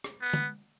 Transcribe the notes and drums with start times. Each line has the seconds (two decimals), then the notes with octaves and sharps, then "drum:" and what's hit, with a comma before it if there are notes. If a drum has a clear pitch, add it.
0.04 drum: rim click
0.21 B3
0.33 drum: tom